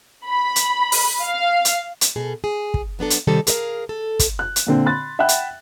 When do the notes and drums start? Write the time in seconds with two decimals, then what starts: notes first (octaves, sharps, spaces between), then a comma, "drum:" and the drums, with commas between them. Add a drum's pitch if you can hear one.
0.25 B5
0.56 drum: hi-hat
0.92 drum: open hi-hat
1.23 F5
1.65 drum: hi-hat
2.01 drum: hi-hat
2.16 B2 G#4 A4
2.44 G#4
2.74 drum: kick
2.99 F#3 B3 D4 A4
3.10 drum: hi-hat
3.27 C3 D#3 G3 D#4 A4
3.47 G#4 A#4 D#5 F5, drum: hi-hat
3.89 A4
4.19 drum: kick, hi-hat
4.39 F#6
4.56 drum: hi-hat
4.67 A#2 D3 C4
4.86 B5 C6 F#6 A6
5.19 E5 F#5 G5 B5 F#6
5.29 drum: hi-hat